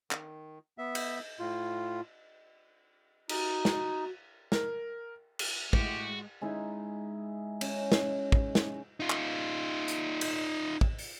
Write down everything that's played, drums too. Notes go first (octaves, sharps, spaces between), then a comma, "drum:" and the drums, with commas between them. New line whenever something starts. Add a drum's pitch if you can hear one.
D#3, drum: clap
B3 E5
drum: cymbal
A2 F4
D#4 F#4, drum: cymbal
drum: snare
A#4, drum: snare
drum: cymbal
A2 G#3 F#4 G4, drum: kick
G#3 D#4 E4
C#4, drum: cymbal
drum: snare
drum: kick
drum: snare
D#4 F4
drum: clap
drum: hi-hat
drum: cymbal
drum: kick
drum: open hi-hat